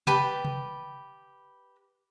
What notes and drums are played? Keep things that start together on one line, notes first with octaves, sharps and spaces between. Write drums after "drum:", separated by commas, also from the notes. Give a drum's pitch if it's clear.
G4 B4 G5 A5, drum: tom C3
drum: tom C3